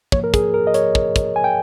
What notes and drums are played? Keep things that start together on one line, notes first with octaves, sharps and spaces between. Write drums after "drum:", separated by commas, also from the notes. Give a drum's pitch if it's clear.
G#2 F3 A#3 C#5, drum: kick
A#4
G#4, drum: kick, hi-hat
A#4
D#5
C#5, drum: hi-hat
drum: kick
drum: kick, hi-hat
G#5
G5